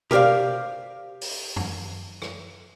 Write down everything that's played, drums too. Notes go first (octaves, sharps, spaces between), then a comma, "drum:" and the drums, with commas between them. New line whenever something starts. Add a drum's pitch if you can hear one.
G4 A#4 C5 D5 F5, drum: tom B2
drum: open hi-hat
drum: tom
drum: rim click